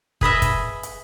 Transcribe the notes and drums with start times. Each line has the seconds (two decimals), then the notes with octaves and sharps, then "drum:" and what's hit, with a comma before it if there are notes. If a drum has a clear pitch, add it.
0.21 G#4 B4 D#5 E5, drum: kick
0.42 drum: kick, hi-hat
0.83 drum: hi-hat